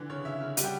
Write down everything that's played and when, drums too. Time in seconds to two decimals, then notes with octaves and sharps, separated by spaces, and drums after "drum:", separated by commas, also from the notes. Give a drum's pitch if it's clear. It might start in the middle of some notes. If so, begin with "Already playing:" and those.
Already playing: D3 E3
0.10 C#3 C#5
0.25 C#3 E5
0.41 C#3
0.57 G3 F#5, drum: hi-hat
0.64 G5